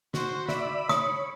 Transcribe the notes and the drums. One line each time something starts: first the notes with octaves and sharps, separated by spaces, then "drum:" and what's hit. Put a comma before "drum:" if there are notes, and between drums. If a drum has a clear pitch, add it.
F#4 C5, drum: snare
D5 E5 B5, drum: snare
C#5 D#6, drum: snare